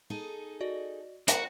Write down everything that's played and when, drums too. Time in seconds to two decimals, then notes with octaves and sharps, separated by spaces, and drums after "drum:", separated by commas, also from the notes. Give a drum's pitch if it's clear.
0.10 D#4 G#4 A4
0.61 F#4 D5 D#5
1.28 F#4 A#4, drum: hi-hat